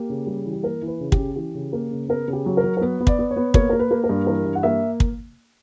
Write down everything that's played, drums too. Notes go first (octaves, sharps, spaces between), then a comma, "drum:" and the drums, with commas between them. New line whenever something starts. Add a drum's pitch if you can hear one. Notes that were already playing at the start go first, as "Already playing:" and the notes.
Already playing: A#3 G4
C#3
G3
E3
G4
A#3 A#4
E3
B4
C#3
G4, drum: kick
C#4
E3 G4
C#3
A#3
C#3
B3 A#4
C#3
G4
F#3
A#4
F#3
A#4
B3 B4
B3
D5, drum: kick
B3
C#5
B3
A#3 C#5, drum: kick
A#3 A#4
B4
A#3
A#4
G2
E3 A#4
G2
F#5
A#3 E5
drum: kick